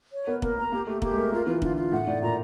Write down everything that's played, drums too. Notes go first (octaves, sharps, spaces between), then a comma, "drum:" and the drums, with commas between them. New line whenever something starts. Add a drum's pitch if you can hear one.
C#5
B3 A#4
A#3 A#4, drum: kick
A#3 A#5
A#3 G4
A3 G4
A#3 G4, drum: kick
G#3
A3 A#4
A#3 F4
E3 F4
D3 F4, drum: kick
F4
A2 F#5
A2 D5
A#2 A#5